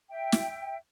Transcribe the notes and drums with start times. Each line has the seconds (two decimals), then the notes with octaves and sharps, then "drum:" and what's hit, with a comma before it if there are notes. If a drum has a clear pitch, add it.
0.10 E5 G5
0.32 drum: snare